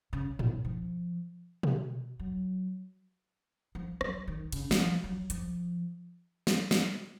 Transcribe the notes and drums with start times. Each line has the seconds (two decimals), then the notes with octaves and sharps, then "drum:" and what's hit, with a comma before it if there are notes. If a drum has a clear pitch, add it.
0.13 C#3
0.39 B2, drum: tom G#2
0.65 F3
1.63 drum: tom B2
2.20 F#3
3.75 F3
4.01 F#3, drum: rim click
4.28 D#3
4.52 C#3, drum: cymbal
4.71 D#3, drum: snare
4.79 F3
5.04 F#3
5.30 F3, drum: hi-hat
6.47 drum: snare
6.71 drum: snare